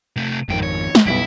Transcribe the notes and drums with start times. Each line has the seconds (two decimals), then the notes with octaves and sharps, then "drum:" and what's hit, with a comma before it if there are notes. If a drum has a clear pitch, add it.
0.16 C3 A3
0.49 G#1 F2 G#2 D#3 G5
0.63 C#5
0.95 drum: snare G#3
1.07 B1 F#2 G3 B3 E4 B6 D7